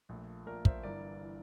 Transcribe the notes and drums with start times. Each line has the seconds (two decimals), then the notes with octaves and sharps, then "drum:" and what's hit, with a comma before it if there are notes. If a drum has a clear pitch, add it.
0.09 A#1 A#2 A3
0.46 A#1 A#2 A3 A#4 D5
0.65 C5 E5, drum: kick
0.83 G1 G2 E3 A#4 D5
1.21 E3